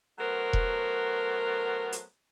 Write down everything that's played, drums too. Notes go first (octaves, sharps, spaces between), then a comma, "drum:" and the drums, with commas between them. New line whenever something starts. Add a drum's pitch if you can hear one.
F#3 A3 B3 A#4 C5
drum: kick E1
drum: hi-hat